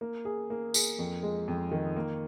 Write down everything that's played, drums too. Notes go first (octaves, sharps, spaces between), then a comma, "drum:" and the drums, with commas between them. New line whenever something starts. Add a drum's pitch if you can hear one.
A#3
G#4
A#3
G#4, drum: tambourine
F2
G#3
F2
D#3
A#3